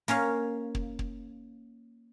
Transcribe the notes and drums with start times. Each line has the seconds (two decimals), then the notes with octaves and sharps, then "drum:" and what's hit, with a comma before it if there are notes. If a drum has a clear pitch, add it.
0.08 A#3 C#4 C#5 F5, drum: hi-hat
0.75 drum: kick
0.99 drum: kick